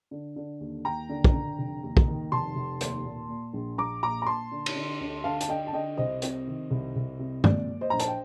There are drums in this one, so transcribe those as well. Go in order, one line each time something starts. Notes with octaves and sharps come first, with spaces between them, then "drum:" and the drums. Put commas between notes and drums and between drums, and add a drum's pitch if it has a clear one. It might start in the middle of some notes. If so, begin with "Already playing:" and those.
D3
D3
D#2
D#2 G5 A#5
D3
drum: kick
D3
F1
D#2
drum: kick
D#3
F1 A5 C6
F1
D#2, drum: hi-hat
A#2
A#2
A#1
A#1 A#5 D6
A#2 A#5 D6
A#5
A#2 A5 C6
D3
drum: cymbal
D3
D2
D2 F5 A5
A5, drum: hi-hat
D3 D#5 G5
A5
D3 D#5 G5
C2 C5 D#5
C3, drum: hi-hat
D#3
C2
C2
C3
A#2 D5, drum: tom G2
A#2
C5 D#5
A#1 A#5
A5, drum: hi-hat
G5